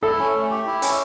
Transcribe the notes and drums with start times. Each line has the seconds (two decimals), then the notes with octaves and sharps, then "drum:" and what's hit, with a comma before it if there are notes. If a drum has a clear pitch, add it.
0.02 E4 A4
0.19 C#4
0.35 A3
0.51 G4
0.66 E4
0.82 C#4, drum: hi-hat